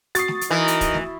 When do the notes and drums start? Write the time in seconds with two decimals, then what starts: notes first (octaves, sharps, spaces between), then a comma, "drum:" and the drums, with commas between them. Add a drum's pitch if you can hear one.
0.15 F#4 C#6 D#6 A6 C7, drum: hi-hat
0.28 drum: snare A3
0.41 drum: hi-hat
0.51 E3 D#4 A#4 D#5
0.68 drum: hi-hat
0.81 drum: kick, hi-hat
0.94 drum: snare A3